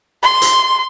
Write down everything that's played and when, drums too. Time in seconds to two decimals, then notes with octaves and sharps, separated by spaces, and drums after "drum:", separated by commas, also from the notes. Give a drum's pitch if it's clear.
0.23 C6
0.42 drum: hi-hat